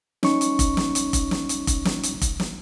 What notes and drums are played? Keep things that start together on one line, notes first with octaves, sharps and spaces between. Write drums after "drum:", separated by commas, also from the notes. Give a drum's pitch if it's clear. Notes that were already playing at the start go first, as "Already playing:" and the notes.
C#4 D#4 C#6, drum: snare
drum: hi-hat
drum: kick F1, hi-hat
drum: snare
drum: hi-hat
drum: kick F1, hi-hat
drum: snare
drum: hi-hat
drum: kick F1, hi-hat
drum: snare
drum: hi-hat
drum: kick F1, hi-hat
drum: snare